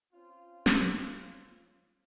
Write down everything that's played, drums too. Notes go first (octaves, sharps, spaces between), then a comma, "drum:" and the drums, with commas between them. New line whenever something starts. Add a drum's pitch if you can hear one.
C4 C#4 F4
drum: snare